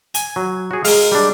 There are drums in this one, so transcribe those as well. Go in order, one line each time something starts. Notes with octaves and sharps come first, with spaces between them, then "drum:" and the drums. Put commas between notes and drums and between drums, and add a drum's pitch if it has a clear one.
G#5, drum: hi-hat
F#3
F#4 G#4
G#3 A#4 F5, drum: open hi-hat
G3 D4